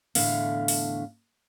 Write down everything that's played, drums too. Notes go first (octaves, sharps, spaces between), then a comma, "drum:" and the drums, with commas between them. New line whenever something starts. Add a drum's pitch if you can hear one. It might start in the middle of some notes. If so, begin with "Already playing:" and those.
E2 A2 D3 A3 F5, drum: open hi-hat
drum: open hi-hat